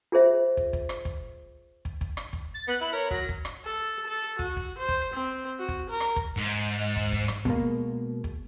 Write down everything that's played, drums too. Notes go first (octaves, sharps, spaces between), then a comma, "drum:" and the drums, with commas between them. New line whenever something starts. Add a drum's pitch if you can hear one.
F4 G#4 C5 E5
drum: kick
drum: kick
drum: rim click
drum: kick
drum: kick
drum: kick
drum: rim click
drum: kick
A6
B3 F#6
E4 B5
A#4 C#5
F#3 A#6, drum: kick
drum: kick
drum: rim click
A4
A4
F#4, drum: kick
drum: kick
C5
drum: kick
C4
F#4
drum: kick
A#4
drum: rim click
drum: kick
G#2
drum: kick
drum: kick
drum: rim click
B2 G#3 A#3, drum: kick
drum: kick